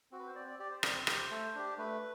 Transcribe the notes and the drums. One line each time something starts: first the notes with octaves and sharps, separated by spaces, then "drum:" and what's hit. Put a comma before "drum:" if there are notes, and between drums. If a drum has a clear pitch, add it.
C4 F#4
B4
C5
C4 D5
D5
G4 D5
C5
C4 D5, drum: rim click
C5
G4, drum: rim click
A3
D4 G4
A3 B4